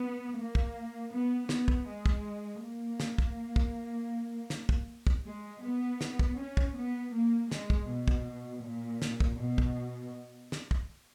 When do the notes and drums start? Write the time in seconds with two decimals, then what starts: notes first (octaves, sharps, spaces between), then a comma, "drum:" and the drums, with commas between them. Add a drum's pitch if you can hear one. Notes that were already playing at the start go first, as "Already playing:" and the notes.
Already playing: B3
0.37 A#3
0.55 drum: kick
1.12 B3
1.49 B3, drum: snare
1.68 drum: kick
1.87 G#3
2.06 drum: kick
2.63 A#3
3.00 drum: snare
3.18 drum: kick
3.56 drum: kick
4.50 drum: snare
4.69 drum: kick
5.07 drum: kick
5.25 G#3
5.63 B3
6.01 drum: snare
6.19 drum: kick
6.38 C#4
6.57 drum: kick
6.76 B3
7.13 A#3
7.51 G#3, drum: snare
7.70 drum: kick
7.89 B2
8.08 drum: kick
8.64 A#2
9.02 drum: snare
9.20 drum: kick
9.40 B2
9.58 drum: kick
10.52 drum: snare
10.71 drum: kick